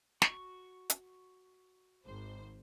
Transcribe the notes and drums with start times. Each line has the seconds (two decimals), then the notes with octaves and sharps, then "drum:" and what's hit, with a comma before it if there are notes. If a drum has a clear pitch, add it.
0.22 F#4 C#6, drum: snare
0.90 drum: hi-hat
2.04 G#1 C5